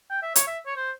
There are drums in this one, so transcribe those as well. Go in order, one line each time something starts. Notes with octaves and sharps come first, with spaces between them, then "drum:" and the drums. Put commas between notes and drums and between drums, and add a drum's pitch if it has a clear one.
G5
E5
C#5, drum: hi-hat
E5
C#5
C5